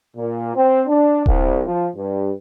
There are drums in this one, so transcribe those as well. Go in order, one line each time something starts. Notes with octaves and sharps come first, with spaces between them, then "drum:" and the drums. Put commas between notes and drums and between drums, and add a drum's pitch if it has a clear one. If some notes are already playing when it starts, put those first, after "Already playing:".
A#2
C4
D4
C2, drum: kick D#1
F3
G2